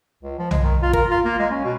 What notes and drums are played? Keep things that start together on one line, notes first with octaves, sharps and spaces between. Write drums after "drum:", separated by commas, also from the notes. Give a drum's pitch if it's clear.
C#2
F3
G#3, drum: tom
D#3
F4
A#4, drum: kick
F4
A#3
G#3
C#4
B2